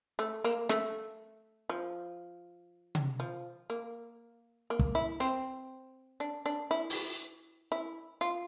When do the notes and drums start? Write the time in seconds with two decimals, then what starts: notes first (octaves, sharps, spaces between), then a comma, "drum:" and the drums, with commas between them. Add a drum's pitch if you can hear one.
0.19 A3
0.44 A#3, drum: hi-hat
0.69 A3, drum: snare
1.70 F3
2.95 drum: tom C3
3.20 F3
3.70 A#3
4.70 A#3
4.79 drum: kick
4.95 E4
5.20 C4, drum: hi-hat
6.20 D4
6.46 D4
6.71 E4
6.90 drum: open hi-hat
7.72 E4
8.21 F4